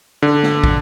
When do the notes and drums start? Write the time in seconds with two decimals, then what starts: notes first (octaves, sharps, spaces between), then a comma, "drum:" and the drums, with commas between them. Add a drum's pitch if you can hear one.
0.22 D3
0.43 drum: snare
0.64 drum: kick